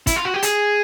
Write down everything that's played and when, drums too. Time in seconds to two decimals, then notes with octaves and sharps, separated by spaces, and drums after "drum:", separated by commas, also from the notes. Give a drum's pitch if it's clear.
0.07 E4, drum: kick, hi-hat
0.16 F4
0.25 F#4
0.34 G4
0.43 G#4, drum: hi-hat